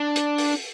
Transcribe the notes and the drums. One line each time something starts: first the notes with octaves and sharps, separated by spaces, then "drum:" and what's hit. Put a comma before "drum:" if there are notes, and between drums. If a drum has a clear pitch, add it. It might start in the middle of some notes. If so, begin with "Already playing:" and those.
Already playing: D4
drum: hi-hat
drum: open hi-hat